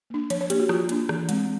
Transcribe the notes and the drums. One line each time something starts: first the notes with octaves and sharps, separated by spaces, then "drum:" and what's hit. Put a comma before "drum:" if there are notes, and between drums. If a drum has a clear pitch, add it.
A#3 D4
F3 C#5, drum: hi-hat
C#5
A#3 D4 G4, drum: hi-hat
F#4
F3 F4, drum: rim click
A#3 D4, drum: hi-hat
E3, drum: rim click
G#3 C4, drum: hi-hat